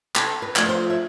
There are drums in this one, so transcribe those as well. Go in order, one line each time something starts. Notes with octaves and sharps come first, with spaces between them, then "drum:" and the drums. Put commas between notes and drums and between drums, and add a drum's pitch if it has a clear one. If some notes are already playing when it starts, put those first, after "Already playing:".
C3 A4, drum: clap
B4
F3 A3 D4 F4, drum: clap
B4
C5
E5